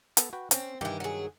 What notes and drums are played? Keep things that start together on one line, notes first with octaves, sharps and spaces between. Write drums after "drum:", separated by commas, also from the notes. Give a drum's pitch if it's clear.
B3 A4, drum: hi-hat
F#4 B4 G5
C4 C#4, drum: hi-hat
G2 D#3 E3 G4
F#3 G#4